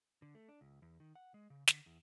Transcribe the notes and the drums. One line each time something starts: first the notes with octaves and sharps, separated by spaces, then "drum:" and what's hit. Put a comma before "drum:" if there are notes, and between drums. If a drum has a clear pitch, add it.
D3
A3
D4
C#2
E2
D#3
F#5
G#3
C#3
D3, drum: snare
E2